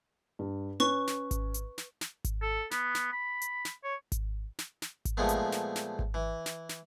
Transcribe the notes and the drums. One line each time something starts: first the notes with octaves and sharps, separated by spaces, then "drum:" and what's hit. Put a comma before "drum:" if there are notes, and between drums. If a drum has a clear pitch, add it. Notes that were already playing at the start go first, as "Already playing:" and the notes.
G2
C#4 B4 C#6
drum: snare
drum: kick G#1, hi-hat
drum: hi-hat
drum: snare
drum: snare
drum: kick G#1, hi-hat
A4
B3, drum: snare
drum: snare
B5
drum: hi-hat
drum: snare
C#5
drum: kick G#1, hi-hat
drum: snare
drum: snare
drum: kick G#1, hi-hat
A#2 F3 G#3 A3 B3
drum: hi-hat
drum: snare
drum: snare
drum: kick G#1
E3
drum: snare
drum: snare